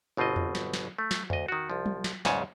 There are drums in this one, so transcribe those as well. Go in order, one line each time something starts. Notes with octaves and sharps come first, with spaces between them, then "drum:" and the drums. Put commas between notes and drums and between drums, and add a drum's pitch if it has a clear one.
G1 B2 C4 F4 D#5
drum: tom E2
drum: snare
drum: snare
A3
drum: snare
D2 D#5, drum: tom E2
D#3 F#4
C2 F3
drum: tom F#3
drum: snare
E2 G#2 C#3 C#5 G#5 A5, drum: snare